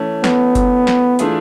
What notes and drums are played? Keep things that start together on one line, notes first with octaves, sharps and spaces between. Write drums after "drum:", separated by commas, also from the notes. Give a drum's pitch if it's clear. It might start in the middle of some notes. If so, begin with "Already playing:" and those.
Already playing: E3 A3 C#4
B3, drum: snare
drum: kick G1, hi-hat
drum: snare
E3 A3 D4 F4 G#4, drum: hi-hat